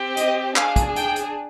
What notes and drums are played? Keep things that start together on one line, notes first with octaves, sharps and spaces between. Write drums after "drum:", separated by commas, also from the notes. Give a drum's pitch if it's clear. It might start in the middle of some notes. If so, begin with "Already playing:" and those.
Already playing: C4 G4
D#5, drum: hi-hat
D4 G#4 F5, drum: clap
drum: kick, hi-hat
G5, drum: hi-hat
drum: hi-hat